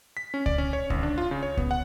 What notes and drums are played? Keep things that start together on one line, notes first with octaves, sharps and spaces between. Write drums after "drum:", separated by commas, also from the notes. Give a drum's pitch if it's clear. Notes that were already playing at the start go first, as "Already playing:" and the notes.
B6
C#4
D5, drum: kick C#2
C#4
C#5
G#1, drum: kick C#2
D4
F4
C#3
C#5
B3, drum: kick C#2
F#5